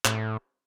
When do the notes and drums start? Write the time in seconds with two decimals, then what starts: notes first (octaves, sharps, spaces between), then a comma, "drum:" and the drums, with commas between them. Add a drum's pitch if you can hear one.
0.05 A2, drum: clap